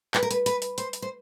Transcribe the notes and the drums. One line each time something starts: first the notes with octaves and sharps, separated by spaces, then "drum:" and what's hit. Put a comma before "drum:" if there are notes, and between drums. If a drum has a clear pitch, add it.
B4, drum: clap
A#4
B4, drum: hi-hat
B4, drum: hi-hat
drum: hi-hat
C5, drum: hi-hat
drum: hi-hat
C5